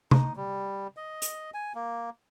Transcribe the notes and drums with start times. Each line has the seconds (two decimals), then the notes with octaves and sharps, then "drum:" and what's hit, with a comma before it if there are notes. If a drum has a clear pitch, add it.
0.11 D#4, drum: tom C3
0.36 G3
0.97 D#5
1.22 drum: hi-hat
1.54 G#5
1.75 A#3